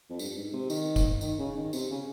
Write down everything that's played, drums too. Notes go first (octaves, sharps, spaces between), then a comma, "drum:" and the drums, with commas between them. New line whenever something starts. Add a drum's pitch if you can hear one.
F2
G2, drum: tambourine
G#2
C3
D#3, drum: tambourine
drum: kick F1, tambourine
D#3, drum: tambourine
C#3
D#3
C3, drum: tambourine
C#3